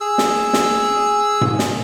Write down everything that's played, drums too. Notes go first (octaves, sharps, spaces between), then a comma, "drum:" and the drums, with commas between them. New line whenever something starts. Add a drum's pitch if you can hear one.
G#4 E6
drum: snare
drum: snare
drum: tom G#2
drum: snare